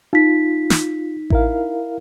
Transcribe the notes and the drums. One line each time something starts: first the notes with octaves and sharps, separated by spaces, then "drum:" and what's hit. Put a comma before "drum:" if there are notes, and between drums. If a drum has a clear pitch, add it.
D#4 F4 B6
drum: snare
E4 A#4 F5, drum: kick A1